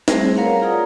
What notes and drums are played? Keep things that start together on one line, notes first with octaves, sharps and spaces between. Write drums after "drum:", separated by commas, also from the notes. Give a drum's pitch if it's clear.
G3 A3 C4 E4 G#4 C5, drum: snare
A#4 B4 C#5 F5 F#5 A#5
F4 G#4 D5 F#5 A#5 D#6